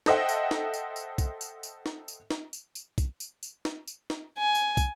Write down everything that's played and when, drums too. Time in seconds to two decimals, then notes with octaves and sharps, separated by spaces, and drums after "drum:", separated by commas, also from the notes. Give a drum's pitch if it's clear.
0.06 A4 C5 D#5 E5 F#5 G5, drum: snare D#4
0.29 drum: tambourine
0.51 drum: snare D#4
0.74 drum: tambourine
0.96 drum: tambourine
1.18 drum: kick, tambourine
1.41 drum: tambourine
1.63 drum: tambourine
1.86 drum: snare D#4
2.08 drum: tambourine
2.31 drum: snare D#4
2.53 drum: tambourine
2.75 drum: tambourine
2.98 drum: kick, tambourine
3.20 drum: tambourine
3.43 drum: tambourine
3.65 drum: snare D#4
3.88 drum: tambourine
4.10 drum: snare D#4
4.38 G#5
4.55 drum: tambourine
4.77 drum: kick, tambourine